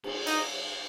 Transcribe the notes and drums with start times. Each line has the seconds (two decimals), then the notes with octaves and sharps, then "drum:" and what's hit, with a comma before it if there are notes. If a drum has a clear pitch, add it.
0.04 drum: cymbal
0.27 D#4, drum: cymbal